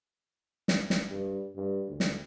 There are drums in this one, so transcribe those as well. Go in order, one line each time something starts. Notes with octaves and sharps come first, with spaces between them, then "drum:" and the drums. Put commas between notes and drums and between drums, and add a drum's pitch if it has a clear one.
drum: snare
drum: snare
G2
G2
D2
drum: snare